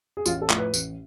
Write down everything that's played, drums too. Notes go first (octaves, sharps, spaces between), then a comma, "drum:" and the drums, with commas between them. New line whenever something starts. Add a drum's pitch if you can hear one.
G#4
A1 F4, drum: tambourine
A4
A2 F3, drum: clap
B4
A1, drum: tambourine